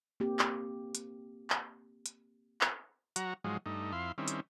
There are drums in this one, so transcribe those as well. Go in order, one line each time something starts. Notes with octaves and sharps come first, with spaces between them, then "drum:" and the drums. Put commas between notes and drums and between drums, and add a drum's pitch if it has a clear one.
A#3 C4 G4
drum: clap
drum: hi-hat
drum: clap
drum: hi-hat
drum: clap
F#3 F#4 A#5, drum: hi-hat
G#2 F3 F#3 G#3
G2 A3 D#4
F2 E4 F5 C6
D#3 G3 C4 C#4 E4
drum: hi-hat